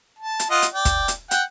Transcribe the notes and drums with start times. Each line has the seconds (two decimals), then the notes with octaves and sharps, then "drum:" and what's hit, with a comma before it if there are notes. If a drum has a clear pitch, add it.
0.19 A5
0.39 drum: hi-hat
0.51 F4 D#5 F#5
0.62 drum: hi-hat
0.74 D5 G5
0.85 drum: kick, hi-hat
1.08 drum: hi-hat
1.31 F#5 G5, drum: hi-hat